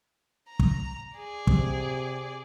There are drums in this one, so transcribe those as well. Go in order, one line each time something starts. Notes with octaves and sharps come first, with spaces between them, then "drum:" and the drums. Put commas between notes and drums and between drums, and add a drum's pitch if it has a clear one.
A#5
drum: kick
G#4 D5
C3, drum: kick